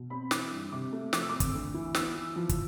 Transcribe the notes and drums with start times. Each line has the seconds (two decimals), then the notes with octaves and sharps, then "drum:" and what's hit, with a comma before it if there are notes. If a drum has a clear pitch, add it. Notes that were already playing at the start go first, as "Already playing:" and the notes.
Already playing: B2
0.10 C4 B5
0.31 E3 D6, drum: snare
0.51 G2
0.72 C3 D6
0.93 A3
1.13 F3 D6, drum: snare
1.21 E6
1.29 C4 D6
1.40 drum: kick, hi-hat
1.54 D2
1.74 E3
1.95 B3 E6, drum: snare
2.15 E3
2.36 F3
2.49 drum: kick, hi-hat